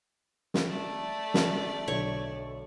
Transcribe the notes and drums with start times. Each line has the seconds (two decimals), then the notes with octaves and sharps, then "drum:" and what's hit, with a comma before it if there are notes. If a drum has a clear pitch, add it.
0.54 drum: snare
0.68 A3 D5
1.34 drum: snare
1.88 B1 D3 C#5 C#6